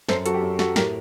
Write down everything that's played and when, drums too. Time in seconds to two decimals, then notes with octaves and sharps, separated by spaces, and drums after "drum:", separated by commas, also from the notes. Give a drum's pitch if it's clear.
0.09 F#2 A4 C5, drum: snare
0.26 F#3 F#4 A4, drum: hi-hat
0.34 G4
0.42 F#2
0.59 F#3 F#4 A4, drum: snare
0.76 A2 G4 A#4, drum: snare